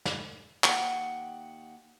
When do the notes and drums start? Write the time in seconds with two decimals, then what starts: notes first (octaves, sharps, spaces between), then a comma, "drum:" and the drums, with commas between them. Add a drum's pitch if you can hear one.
0.05 drum: snare
0.64 D#2 F#5 G5, drum: clap